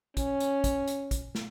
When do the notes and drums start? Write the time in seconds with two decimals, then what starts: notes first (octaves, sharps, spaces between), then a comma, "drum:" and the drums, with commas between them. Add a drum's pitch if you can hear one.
0.17 C#4, drum: kick, hi-hat
0.40 drum: hi-hat
0.64 drum: kick, hi-hat
0.88 drum: hi-hat
1.11 drum: kick, hi-hat
1.35 drum: snare